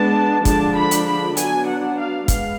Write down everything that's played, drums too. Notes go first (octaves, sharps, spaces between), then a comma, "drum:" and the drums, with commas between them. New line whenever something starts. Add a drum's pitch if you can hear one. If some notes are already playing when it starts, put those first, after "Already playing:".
Already playing: G#3 B3 D4 A5
D3 F3 G#3 D4 A5, drum: kick, hi-hat
B5
drum: hi-hat
B5
F#3 B3 D4 G#5, drum: hi-hat
F#5
F5
G#3 B3 F5, drum: kick, hi-hat